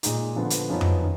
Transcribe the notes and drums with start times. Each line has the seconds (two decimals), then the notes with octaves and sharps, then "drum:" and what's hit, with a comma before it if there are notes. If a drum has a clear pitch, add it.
0.03 A#2 G#3 D#4, drum: hi-hat
0.36 D3 F3 B3 D4
0.50 drum: hi-hat
0.70 F#2 F3 B3 D#4
0.81 drum: tom F2
1.02 D#3